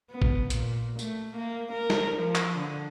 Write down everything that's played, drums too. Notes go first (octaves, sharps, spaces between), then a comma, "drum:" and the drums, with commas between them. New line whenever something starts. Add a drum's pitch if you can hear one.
B3
drum: kick G#1
A#2, drum: hi-hat
A3, drum: tambourine
A#3
A#4
drum: snare
F3
drum: clap
D3